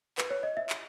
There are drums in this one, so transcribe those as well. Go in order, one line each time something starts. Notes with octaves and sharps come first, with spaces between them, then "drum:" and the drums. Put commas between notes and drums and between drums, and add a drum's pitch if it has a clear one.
B4, drum: clap
C#5
D#5
E5
drum: clap